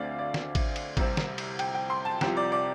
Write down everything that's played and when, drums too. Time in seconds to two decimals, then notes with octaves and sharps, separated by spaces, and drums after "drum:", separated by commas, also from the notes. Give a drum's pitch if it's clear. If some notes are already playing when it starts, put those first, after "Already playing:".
Already playing: D2 D3 A3 C4 D5 F5
0.19 D5
0.34 drum: snare
0.55 drum: kick, cymbal
0.76 drum: cymbal
0.97 C2 C3 G3 C4, drum: kick, cymbal
1.17 drum: snare
1.38 drum: cymbal
1.59 G5, drum: cymbal
1.75 G5
1.90 C6
2.05 A5
2.21 C2 C3 F3 G5, drum: snare
2.37 D5
2.52 D5